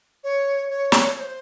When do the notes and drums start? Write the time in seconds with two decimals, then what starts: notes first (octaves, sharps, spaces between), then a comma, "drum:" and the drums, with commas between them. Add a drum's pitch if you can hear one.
0.24 C#5
0.69 C#5
0.92 drum: snare
1.15 C#5
1.19 C5